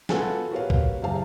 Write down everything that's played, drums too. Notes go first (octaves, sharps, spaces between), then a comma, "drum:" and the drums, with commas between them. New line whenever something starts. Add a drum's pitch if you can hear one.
B3 F4 F#4 A4 F#5 G#5, drum: snare
F#4 G4 A#4 B4 C#5 F5
drum: kick C2
F#1 G4 F5 A5